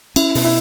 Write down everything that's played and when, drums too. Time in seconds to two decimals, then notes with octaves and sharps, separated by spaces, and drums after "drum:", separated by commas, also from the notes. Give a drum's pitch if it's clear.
0.16 C#4 E4, drum: cymbal
0.35 B2, drum: open hi-hat
0.44 E4